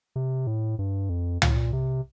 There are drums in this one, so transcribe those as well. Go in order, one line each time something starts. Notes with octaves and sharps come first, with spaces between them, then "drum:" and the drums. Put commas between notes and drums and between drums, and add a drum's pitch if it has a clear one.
C3
A2
G2
F2
A#2, drum: tom
A2
A#2
C3